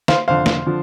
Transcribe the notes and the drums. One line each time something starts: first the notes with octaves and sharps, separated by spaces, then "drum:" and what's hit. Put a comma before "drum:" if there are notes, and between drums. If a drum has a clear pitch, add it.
C5 F5, drum: snare
F1 F2 D3 C5 F5
drum: snare
D3 F3